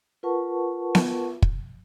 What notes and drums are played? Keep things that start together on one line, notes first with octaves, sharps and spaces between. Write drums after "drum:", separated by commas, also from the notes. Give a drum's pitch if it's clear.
F4 A#4 B4 F#5 A5 C#6
drum: snare B3
drum: kick